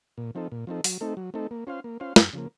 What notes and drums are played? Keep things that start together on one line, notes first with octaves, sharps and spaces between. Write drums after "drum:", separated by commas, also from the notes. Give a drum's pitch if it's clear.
A#2
F3 C4 D#4 A4
A#2
F3 C4 D#4 A4
F#3, drum: open hi-hat
A3 C4 D#4 A4
F#3
A3 C4 D#4 A4
A#3
C#4 F4 C5 F5
A#3
C#4 F4 C5 F5
F#2, drum: snare
C#3 F3 A#3